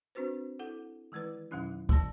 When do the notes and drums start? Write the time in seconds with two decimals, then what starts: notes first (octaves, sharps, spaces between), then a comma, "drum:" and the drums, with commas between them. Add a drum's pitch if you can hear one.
0.15 C4 D4 F#4 B4 C5
0.59 E4 A4 F#5
1.12 D#3 E3 G#3 E4 B4
1.51 F2 B2 D#3 F#3 C#4 E4
1.89 B2 E3 A5 A#6, drum: kick